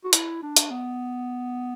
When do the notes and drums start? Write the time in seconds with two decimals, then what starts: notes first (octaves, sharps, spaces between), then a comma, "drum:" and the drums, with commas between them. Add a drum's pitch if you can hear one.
0.04 F#4
0.13 E4, drum: hi-hat
0.42 D4
0.56 drum: hi-hat
0.71 B3